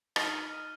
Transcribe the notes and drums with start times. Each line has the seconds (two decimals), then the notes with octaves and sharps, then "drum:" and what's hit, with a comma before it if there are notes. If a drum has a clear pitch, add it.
0.16 D#4 D#5 F6, drum: rim click
0.33 D#7 G7
0.50 F6